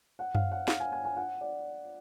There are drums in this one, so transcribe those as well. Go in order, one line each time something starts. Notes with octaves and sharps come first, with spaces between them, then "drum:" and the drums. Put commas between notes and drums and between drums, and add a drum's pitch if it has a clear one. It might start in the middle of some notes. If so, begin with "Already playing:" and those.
F#5
F5, drum: tom F#2
F#5
F5, drum: snare
G#5
G#5
G#5
F#5
D5